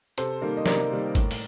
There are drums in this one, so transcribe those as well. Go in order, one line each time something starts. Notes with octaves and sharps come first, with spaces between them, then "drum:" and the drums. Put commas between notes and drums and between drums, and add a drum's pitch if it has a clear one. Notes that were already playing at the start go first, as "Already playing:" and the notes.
C3 A4 C5, drum: hi-hat
D#3 G3 A#3
D#5
C3 A#4 D5, drum: snare
D#3 G3 A#3
A2, drum: kick, hi-hat
drum: open hi-hat